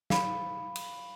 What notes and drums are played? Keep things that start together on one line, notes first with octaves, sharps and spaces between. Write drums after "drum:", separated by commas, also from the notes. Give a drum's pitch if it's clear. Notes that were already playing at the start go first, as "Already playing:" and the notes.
F5 B5, drum: snare
drum: cymbal